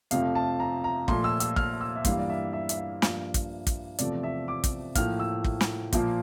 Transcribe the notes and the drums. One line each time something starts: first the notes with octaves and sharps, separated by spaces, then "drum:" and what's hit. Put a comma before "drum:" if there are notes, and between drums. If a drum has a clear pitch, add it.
F2 C3 F3 A3 F5, drum: hi-hat
A5
A#5
A#5
A#2 F3 A3 C6, drum: kick
E6
E6, drum: hi-hat
F6, drum: kick
E6
E5
G2 E3 G3 A#3 F5, drum: kick, hi-hat
D5
E5
E5
E5, drum: hi-hat
F5
G2 F3 A#3, drum: snare
drum: kick, hi-hat
drum: kick, hi-hat
E2 C3 F3 A3 D5, drum: hi-hat
E5
D6
drum: kick, hi-hat
A2 F3 A#3 F6, drum: kick, hi-hat
E6
drum: kick
drum: snare
A#2 F3 A#3, drum: kick, hi-hat